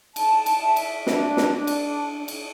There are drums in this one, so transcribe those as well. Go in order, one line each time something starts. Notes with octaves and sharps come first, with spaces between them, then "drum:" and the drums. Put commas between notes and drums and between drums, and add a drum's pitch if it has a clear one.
A5, drum: cymbal
drum: cymbal
E5
drum: cymbal
D4, drum: snare
drum: snare
D4
drum: cymbal
drum: cymbal